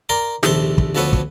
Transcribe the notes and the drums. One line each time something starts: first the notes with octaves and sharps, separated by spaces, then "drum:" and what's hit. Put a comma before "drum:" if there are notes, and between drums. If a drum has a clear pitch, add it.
A#4 D5 A#5 C6 D6
A#1 D#2 C3 A4 C6, drum: snare
drum: kick
D2 F3 B3 A4 B4 C#5
drum: kick